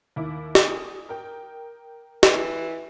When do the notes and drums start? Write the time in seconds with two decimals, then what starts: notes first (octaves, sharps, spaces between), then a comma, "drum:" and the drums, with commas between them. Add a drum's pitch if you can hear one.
0.16 D#2 E4 D6
0.55 G#5 D#6, drum: snare
1.09 A#4 G5
2.23 E3, drum: snare